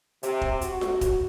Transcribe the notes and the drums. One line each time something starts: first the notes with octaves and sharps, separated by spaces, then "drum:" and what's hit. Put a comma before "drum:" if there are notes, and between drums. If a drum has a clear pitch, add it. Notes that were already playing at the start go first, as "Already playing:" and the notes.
C3, drum: hi-hat
drum: kick
F#4, drum: hi-hat
drum: snare F4
drum: kick, hi-hat